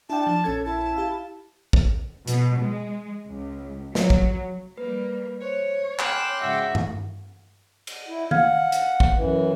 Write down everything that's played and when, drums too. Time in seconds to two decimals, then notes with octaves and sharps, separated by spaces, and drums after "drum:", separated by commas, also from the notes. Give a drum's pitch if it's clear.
0.10 D4 E4 G5 A5
0.27 F3
0.44 A#1 C#4 A4 G#6
0.65 E4 A5
0.96 G4 F5
1.73 drum: kick
2.27 B2, drum: hi-hat
2.60 G#3
3.29 C#2
3.95 F#3, drum: snare
4.10 drum: kick
4.78 G3 A#3 B4
5.42 C5 C#5
5.99 G5 G#5 B5 C6 D6 F6 F#6 E7, drum: clap
6.42 G#2 C#3 F#4 E5 E6
6.75 drum: tom G2
7.87 drum: cymbal
8.08 E4
8.31 F5 F#5 F6 G#6, drum: tom D#3
8.72 drum: hi-hat
9.00 drum: kick
9.15 F#2 E3